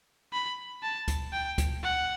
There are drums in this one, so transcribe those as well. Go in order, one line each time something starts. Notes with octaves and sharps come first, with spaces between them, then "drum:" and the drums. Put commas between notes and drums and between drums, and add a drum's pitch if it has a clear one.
B5
A5
drum: kick D2, hi-hat
G5
drum: kick D2, hi-hat
F#5